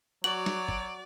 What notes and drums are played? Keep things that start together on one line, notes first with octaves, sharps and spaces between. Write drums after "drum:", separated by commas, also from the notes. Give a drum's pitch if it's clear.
F#3 F#4 D5 F#7
drum: snare
drum: kick